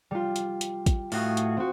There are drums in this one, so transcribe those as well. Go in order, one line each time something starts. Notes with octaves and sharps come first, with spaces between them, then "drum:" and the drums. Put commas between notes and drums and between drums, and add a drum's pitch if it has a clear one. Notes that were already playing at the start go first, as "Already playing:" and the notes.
G3 F4
drum: hi-hat
drum: hi-hat
drum: kick, hi-hat
A2 F#4 F5 D#6, drum: open hi-hat
drum: hi-hat
C4 F#4